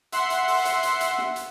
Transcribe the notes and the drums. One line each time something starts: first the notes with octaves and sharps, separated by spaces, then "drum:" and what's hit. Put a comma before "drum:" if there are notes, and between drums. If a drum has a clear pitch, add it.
E5 F#5 C6 C7, drum: hi-hat
drum: hi-hat
drum: open hi-hat
drum: hi-hat
drum: hi-hat
drum: hi-hat
drum: snare
drum: hi-hat